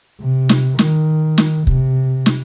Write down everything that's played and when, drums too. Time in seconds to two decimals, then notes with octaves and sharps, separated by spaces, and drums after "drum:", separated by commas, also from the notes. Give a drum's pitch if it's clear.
0.20 C3
0.49 drum: snare
0.79 D#3, drum: snare
1.38 drum: snare
1.67 C3, drum: kick
2.26 drum: snare